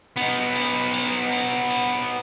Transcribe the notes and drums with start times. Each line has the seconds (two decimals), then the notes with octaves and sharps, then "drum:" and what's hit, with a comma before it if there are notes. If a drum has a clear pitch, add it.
0.17 B3 D#4, drum: cymbal
0.55 drum: cymbal
0.94 drum: cymbal
1.32 drum: cymbal
1.70 drum: cymbal